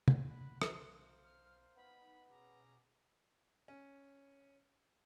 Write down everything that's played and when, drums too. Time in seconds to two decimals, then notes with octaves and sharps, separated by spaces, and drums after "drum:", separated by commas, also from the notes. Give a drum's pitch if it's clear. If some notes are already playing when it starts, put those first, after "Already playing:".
0.08 drum: tom
0.29 B1 F#5 B5 F#6
0.62 C6, drum: rim click
0.91 A#4 C5 F5
1.24 F6
1.77 B3 D#4 B5
2.30 B2 C#4 G#4 A#5 D6
3.68 C#4